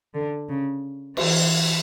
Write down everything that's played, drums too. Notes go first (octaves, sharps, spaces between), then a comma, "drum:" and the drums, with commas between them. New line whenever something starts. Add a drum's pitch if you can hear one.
D3
C#3
E3, drum: cymbal